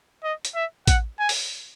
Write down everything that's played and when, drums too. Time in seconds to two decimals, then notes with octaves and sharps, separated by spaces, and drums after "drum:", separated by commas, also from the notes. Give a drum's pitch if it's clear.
0.24 D#5
0.45 drum: hi-hat
0.55 E5
0.87 F#5, drum: kick A1, hi-hat
1.19 G#5
1.29 drum: open hi-hat